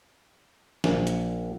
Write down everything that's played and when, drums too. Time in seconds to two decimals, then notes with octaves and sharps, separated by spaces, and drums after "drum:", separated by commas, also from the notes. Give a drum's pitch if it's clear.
0.84 A#1, drum: snare
1.07 drum: hi-hat